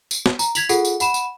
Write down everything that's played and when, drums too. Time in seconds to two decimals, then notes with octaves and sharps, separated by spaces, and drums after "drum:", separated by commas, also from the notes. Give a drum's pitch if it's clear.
0.11 drum: tambourine
0.26 drum: snare
0.39 A#5, drum: tambourine
0.55 G#6 B6 F7 F#7, drum: tambourine
0.69 F4 G#4 A4 F#5, drum: tambourine
0.85 drum: tambourine
1.00 F#5 B5 E7, drum: tambourine
1.14 drum: tambourine